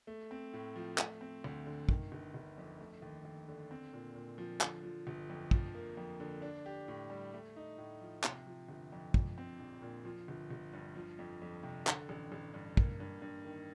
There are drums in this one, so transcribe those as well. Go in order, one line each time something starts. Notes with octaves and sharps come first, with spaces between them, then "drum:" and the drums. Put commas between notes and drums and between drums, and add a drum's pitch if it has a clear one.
A3
C4
A2
F3
A3, drum: clap
C4
D2
D3
D#3, drum: kick
G1
G1
F2
A3
D#2
D#2
D3
C4
A#2
A#2
F3
D3, drum: clap
F3
G1
F2
F3, drum: kick
A#3
F2
D3
D4
G4
A2
G3
A3
D#4
A2
F3
C3, drum: clap
F3
G1
F2
F3, drum: kick
C4
A#1
A#2
F3
G1
G1
G2
F3
F2
F2
C3
D3, drum: clap
A1
A1
G2
A#3, drum: kick
G2
G2
D#3